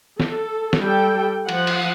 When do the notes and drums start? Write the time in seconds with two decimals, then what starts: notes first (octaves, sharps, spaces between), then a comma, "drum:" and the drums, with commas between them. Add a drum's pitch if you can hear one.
0.20 A4, drum: snare
0.73 drum: snare
0.82 G3 A4 G5
1.49 F3 F#5, drum: cymbal
1.67 drum: cymbal